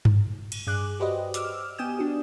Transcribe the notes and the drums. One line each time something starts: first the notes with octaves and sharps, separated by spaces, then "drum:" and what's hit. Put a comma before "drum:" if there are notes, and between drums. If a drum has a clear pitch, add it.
drum: tom G2
drum: cymbal
G2 G#4 D6 F#6
F#4 G4 B4 C5 D5 D#5
D6 E6 F6, drum: hi-hat
B3 G4 G#5 D#6 G6 E7
D4 F#4